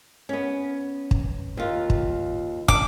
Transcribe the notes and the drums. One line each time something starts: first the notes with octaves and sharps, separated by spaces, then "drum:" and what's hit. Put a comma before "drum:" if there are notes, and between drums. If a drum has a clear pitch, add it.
B3 C#4
drum: kick
D#2 F4
drum: kick
D4 D6, drum: kick